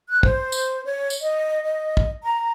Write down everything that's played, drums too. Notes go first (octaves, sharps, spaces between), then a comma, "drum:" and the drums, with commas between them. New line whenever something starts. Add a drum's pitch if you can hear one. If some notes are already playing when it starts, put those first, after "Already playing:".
F#6
C5, drum: kick
drum: tambourine
C#5
drum: tambourine
D#5
D#5
drum: kick
A#5